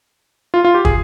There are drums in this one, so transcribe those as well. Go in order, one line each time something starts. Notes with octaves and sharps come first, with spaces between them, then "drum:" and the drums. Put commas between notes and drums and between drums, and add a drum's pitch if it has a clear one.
F4
F4
G4
G#4, drum: kick